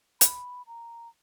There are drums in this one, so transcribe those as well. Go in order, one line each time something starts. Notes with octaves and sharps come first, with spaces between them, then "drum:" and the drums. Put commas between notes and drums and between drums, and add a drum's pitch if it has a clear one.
B5, drum: hi-hat
A#5